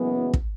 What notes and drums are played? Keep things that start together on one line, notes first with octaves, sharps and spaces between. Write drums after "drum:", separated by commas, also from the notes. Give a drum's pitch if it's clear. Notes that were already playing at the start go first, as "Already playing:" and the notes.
Already playing: F#1 F#2 E3 G#3 B3
drum: kick